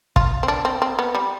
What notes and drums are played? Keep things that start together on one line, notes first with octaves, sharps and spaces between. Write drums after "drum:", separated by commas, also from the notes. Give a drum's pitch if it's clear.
F4, drum: kick
C4
D4
C4
C4
B3
G3